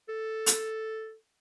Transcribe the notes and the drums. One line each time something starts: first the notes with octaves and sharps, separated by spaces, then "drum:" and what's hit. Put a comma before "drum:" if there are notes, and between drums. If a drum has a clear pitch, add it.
A4
drum: hi-hat